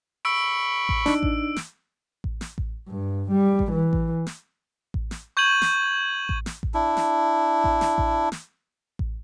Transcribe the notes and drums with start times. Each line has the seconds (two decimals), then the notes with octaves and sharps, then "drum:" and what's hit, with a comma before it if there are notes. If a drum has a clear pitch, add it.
0.25 B5 C#6 E6 D7
0.89 drum: kick A1
1.06 D4 D#4, drum: snare
1.23 drum: kick A1
1.56 drum: snare
2.24 drum: kick A1
2.41 drum: snare
2.58 drum: kick A1
2.88 G2
3.31 G3
3.59 drum: kick A1
3.71 E3
3.93 drum: kick A1
4.27 drum: snare
4.94 drum: kick A1
5.11 drum: snare
5.37 C#6 G6 G#6 D#7 F#7
5.62 drum: snare
6.29 drum: kick A1
6.46 drum: snare
6.63 drum: kick A1
6.74 D4 E4
6.97 drum: snare
7.64 drum: kick A1
7.81 drum: snare
7.98 drum: kick A1
8.32 drum: snare
8.99 drum: kick A1